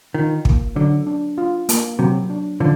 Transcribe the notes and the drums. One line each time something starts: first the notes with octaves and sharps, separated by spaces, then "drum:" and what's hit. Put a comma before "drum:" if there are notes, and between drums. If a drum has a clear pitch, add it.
D#3 F4
A#3, drum: kick
D3 F#3
D4
F4
A#3, drum: hi-hat
C3 F#3
D4
D3 F3